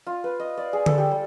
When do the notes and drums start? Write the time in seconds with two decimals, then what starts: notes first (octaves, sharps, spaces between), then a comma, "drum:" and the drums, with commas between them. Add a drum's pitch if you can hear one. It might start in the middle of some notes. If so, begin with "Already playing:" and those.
0.07 F4
0.24 B4
0.40 D#5
0.57 D5
0.73 G#4
0.86 A4, drum: tom D3
0.98 G4
1.11 G3